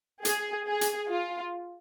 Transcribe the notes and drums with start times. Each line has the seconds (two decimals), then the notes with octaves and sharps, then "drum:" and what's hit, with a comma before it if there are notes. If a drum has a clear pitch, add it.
0.25 G#4, drum: hi-hat
0.67 G#4
0.81 drum: hi-hat
1.10 F4